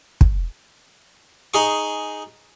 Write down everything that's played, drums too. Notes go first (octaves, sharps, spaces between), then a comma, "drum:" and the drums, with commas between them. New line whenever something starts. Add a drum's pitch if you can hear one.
drum: kick
D#4 G#4 C#6